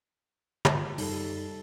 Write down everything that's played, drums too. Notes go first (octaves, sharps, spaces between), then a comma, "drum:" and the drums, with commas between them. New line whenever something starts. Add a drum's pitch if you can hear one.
drum: tom
F#2 G3 D#4 A4, drum: open hi-hat